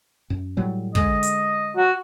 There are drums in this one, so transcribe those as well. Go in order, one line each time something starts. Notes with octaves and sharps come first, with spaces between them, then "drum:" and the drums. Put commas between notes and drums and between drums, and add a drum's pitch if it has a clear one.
F#2
A2 F#3 G3
D3 G#3 D#5, drum: kick
drum: hi-hat
F#4